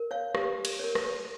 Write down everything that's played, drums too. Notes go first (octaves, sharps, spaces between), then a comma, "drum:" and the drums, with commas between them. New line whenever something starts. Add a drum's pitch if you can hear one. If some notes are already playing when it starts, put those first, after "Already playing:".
Already playing: A#4
C#5 F5
G4, drum: rim click
drum: cymbal
A#4 C#5
drum: rim click